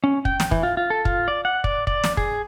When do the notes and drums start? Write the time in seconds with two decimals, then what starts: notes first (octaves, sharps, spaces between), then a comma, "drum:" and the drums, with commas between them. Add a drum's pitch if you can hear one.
0.04 C#4
0.25 G5, drum: kick
0.40 drum: snare
0.51 E3, drum: kick
0.63 F4
0.77 F4
0.90 A4
1.05 F4, drum: kick
1.28 D5
1.45 F#5
1.64 D5, drum: kick
1.87 D5, drum: kick
2.04 drum: snare
2.17 G#4, drum: kick